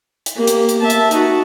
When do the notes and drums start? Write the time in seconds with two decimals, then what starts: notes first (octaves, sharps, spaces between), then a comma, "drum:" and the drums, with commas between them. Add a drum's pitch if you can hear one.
0.26 drum: hi-hat
0.36 A#3 G4
0.47 drum: hi-hat
0.69 drum: hi-hat
0.80 E5 A5
0.90 drum: hi-hat
1.11 D#4 F#4, drum: hi-hat